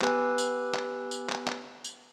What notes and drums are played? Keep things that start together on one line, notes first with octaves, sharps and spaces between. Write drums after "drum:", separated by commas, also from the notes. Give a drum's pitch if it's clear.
B3 G4 B4 G#5 E6, drum: clap
drum: tambourine
drum: clap
drum: tambourine
drum: clap
drum: clap
drum: tambourine